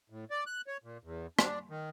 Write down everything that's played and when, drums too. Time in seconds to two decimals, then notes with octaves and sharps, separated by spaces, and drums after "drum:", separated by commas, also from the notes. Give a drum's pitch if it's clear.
0.10 A2
0.30 D5
0.47 F#6
0.67 C#5
0.84 A#2
1.04 E2
1.39 D4, drum: rim click
1.70 D#3